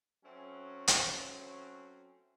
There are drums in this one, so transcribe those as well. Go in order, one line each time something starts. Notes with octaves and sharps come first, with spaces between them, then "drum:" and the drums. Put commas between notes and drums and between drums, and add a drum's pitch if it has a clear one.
F#3 A3 C4 C#4
drum: hi-hat